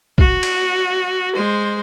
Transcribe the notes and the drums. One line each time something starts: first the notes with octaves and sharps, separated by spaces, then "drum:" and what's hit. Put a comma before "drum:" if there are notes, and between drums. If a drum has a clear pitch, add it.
F#4, drum: kick
drum: cymbal
G#3 C5